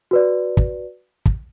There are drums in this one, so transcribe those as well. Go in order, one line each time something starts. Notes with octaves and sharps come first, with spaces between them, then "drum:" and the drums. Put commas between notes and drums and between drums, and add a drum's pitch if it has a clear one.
F#4 B4 D5
drum: kick
drum: kick